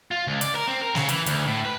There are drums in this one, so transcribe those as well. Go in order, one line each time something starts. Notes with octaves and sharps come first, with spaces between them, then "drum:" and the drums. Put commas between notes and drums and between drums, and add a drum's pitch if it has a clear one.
F4
C#2
D5, drum: hi-hat
A#4
C4
A#4
C#3, drum: snare
E3, drum: hi-hat
D2, drum: hi-hat
A2
B4